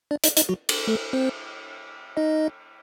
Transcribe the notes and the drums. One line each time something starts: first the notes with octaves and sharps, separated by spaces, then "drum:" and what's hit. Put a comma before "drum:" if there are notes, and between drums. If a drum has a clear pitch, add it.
D4 D5
D#4 D#5, drum: hi-hat
D#4 D#5, drum: hi-hat
F#3 F#4
drum: cymbal
A3 A4
C4 C5
D#4 D#5